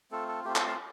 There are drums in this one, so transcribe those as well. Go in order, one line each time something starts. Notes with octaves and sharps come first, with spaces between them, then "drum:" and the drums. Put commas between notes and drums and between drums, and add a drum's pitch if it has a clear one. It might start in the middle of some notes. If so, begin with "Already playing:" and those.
A3 C4 F4 A4
A4
A3 C4 F4 G4
A4, drum: clap
F5 A5